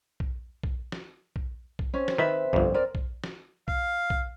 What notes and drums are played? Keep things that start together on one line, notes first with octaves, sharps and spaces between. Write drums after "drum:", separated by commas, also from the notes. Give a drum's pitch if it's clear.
drum: kick
drum: kick
drum: snare
drum: kick
drum: kick
C4 C#4
drum: snare
D#3 B4 E5
G1 F2, drum: kick
C4 A#4 D5
drum: kick
drum: snare
F5, drum: kick
drum: kick